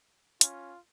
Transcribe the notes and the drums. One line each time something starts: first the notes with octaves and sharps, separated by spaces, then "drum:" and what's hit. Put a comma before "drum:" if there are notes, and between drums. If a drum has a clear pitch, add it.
C#4 F4, drum: hi-hat